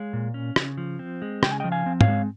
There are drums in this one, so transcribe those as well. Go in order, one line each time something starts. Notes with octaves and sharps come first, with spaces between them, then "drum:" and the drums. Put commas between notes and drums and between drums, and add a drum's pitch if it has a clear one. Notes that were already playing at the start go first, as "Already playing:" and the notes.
Already playing: G#3 C#5 F5
A#2
C#4
C#3, drum: rim click
F3
C4
G#3
C#3 G5, drum: rim click
G#5
D#5 G5
F3
F5 G#5
C4
C#5 F5, drum: tom G#2
G#3